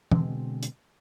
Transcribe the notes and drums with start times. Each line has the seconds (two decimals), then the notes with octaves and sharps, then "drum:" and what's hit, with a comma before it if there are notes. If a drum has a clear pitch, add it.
0.11 B2 D3 G#3 C4, drum: tom
0.63 drum: hi-hat